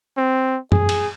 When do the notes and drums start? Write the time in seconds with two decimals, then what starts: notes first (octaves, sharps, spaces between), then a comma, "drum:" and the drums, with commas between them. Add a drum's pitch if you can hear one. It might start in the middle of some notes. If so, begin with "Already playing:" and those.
0.17 C4
0.72 G#4, drum: tom F#2
0.89 drum: cymbal